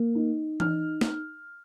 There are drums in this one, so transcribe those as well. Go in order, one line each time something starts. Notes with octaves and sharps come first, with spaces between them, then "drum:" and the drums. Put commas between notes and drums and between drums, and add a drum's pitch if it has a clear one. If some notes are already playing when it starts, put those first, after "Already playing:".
Already playing: A#3
D#4
D#4 F6, drum: tom E3
drum: snare